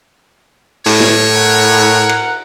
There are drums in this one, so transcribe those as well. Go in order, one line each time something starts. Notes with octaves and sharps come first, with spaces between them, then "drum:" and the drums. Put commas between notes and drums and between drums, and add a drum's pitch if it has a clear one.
A2 C#5, drum: cymbal
drum: snare
A#4 F#5
drum: cymbal